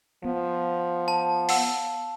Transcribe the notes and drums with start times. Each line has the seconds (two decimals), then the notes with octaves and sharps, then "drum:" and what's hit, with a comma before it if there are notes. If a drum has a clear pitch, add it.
0.25 F3 B3
1.08 A5
1.49 F5 F#5 E6, drum: open hi-hat